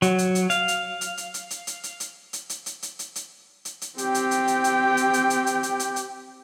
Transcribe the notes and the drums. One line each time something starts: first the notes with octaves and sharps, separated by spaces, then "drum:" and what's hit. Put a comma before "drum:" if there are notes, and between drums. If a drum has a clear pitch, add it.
F#3, drum: hi-hat
drum: hi-hat
drum: hi-hat
F5, drum: hi-hat
drum: hi-hat
drum: hi-hat
drum: hi-hat
drum: hi-hat
drum: hi-hat
drum: hi-hat
drum: hi-hat
drum: hi-hat
drum: hi-hat
drum: hi-hat
drum: hi-hat
drum: hi-hat
drum: hi-hat
drum: hi-hat
drum: hi-hat
drum: hi-hat
C4 G4 G5, drum: hi-hat
drum: hi-hat
drum: hi-hat
drum: hi-hat
drum: hi-hat
drum: hi-hat
drum: hi-hat
drum: hi-hat
drum: hi-hat
drum: hi-hat
drum: hi-hat
drum: hi-hat